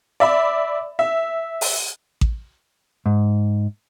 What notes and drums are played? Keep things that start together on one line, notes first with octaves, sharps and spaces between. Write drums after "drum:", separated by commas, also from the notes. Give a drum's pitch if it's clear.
D5 E5 B5
E5
drum: open hi-hat
drum: kick A1
G#2